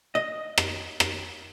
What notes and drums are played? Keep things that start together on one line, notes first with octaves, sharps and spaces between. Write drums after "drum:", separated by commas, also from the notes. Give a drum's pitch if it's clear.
D#5
drum: rim click
drum: rim click